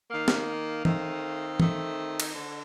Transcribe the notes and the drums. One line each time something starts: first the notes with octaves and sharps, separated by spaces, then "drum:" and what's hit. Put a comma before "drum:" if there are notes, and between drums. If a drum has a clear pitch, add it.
D#3 A#3 F5
drum: snare
F5
D#3 A3 C4, drum: tom
D#3 A3 C4, drum: tom
drum: cymbal
D3